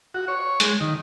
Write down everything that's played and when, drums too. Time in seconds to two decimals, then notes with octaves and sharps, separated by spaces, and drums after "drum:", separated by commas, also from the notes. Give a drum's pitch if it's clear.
0.14 F#4
0.28 C#5
0.40 C#5
0.60 G#3, drum: hi-hat
0.80 D#3